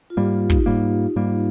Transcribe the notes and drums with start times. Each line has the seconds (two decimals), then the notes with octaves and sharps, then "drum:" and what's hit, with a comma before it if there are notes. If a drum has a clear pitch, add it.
0.10 F4
0.17 G#2 G3 A#3 G4
0.33 F4
0.50 D#4, drum: kick
0.66 G#2 G3 A#3
1.16 G#2 G3 A#3